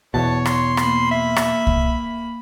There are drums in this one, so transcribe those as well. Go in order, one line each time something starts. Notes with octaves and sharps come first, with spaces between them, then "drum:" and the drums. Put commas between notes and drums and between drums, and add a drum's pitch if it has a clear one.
E2 B2 C#5 A5
C6, drum: rim click
A#3 B5, drum: rim click
E5
drum: rim click
drum: kick C2